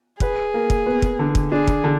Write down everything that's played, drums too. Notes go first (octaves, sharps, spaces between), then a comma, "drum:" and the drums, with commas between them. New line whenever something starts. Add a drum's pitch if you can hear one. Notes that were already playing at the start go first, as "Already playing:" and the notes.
G#4 B4, drum: kick
A#3
drum: kick
B3
drum: kick
D3
drum: kick
D4 G#4
drum: kick
D3